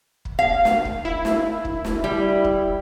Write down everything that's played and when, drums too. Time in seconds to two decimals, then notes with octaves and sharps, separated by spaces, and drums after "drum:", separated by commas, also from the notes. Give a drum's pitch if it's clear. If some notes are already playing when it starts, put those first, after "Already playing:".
0.25 drum: kick
0.39 F5
0.65 drum: snare
0.85 drum: kick
1.05 E4
1.25 drum: snare
1.65 drum: kick
1.85 drum: snare
2.04 G3
2.44 drum: kick